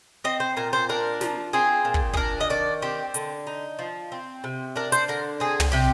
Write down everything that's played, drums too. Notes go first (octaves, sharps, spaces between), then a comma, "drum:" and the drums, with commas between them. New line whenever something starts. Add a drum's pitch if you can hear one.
C4 D#5
C5
A#2 A#4
C5
D4 A#4
F3, drum: snare
C4 G#4
A#2
drum: kick
G#4, drum: kick
D4 A#4
D#5
D#3 D5
C4 G4
D3, drum: hi-hat
D#4
F3
C4
C3
D4 A#4
C5, drum: hi-hat
D3 A#4
C4 G#4
drum: tom
C3 G4